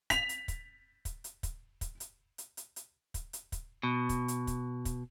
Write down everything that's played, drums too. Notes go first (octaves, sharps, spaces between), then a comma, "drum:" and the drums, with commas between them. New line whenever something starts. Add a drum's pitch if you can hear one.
B6 F7, drum: kick, hi-hat
drum: hi-hat
drum: kick, hi-hat
drum: kick, hi-hat
drum: hi-hat
drum: kick, hi-hat
drum: kick, hi-hat
drum: hi-hat
drum: hi-hat
drum: hi-hat
drum: hi-hat
drum: kick, hi-hat
drum: hi-hat
drum: kick, hi-hat
B2
drum: kick, hi-hat
drum: hi-hat
drum: kick, hi-hat
drum: kick, hi-hat